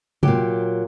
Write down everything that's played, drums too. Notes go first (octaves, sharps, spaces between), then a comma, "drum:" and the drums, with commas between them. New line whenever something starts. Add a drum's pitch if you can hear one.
A#2 F#3 G4, drum: tom C3